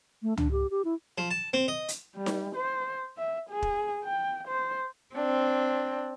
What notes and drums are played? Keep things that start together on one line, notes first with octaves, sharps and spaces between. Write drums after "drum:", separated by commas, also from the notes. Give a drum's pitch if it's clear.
A3
D4, drum: tom C#2
G4
G4
E4
F3
A5
C4
D#5
drum: hi-hat
G3
drum: snare D#4
C5
E5
G#4
drum: kick
G5
C5
C4 D4